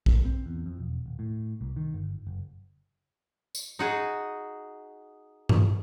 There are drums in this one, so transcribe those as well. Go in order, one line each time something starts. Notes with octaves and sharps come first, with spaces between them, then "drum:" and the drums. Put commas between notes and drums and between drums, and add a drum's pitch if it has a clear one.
G#2, drum: kick A#1
C4
E2
F2
E1
D#1
A2
C2
D#3
G1
F#1
drum: tambourine
D#4 F#4 G#4
drum: tom G2